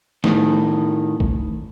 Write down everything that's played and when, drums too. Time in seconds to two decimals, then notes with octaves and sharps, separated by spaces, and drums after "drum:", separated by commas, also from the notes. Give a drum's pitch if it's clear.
0.24 A2 D#3, drum: snare
1.20 drum: kick